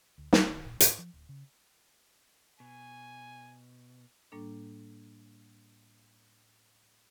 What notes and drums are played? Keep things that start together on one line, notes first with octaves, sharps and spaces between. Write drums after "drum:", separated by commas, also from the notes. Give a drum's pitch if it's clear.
D2
D#3, drum: snare
D#3
A#2
G#2, drum: hi-hat
F3
D1
C#3
B2 G#5
A2 G3 A#3 D4 A4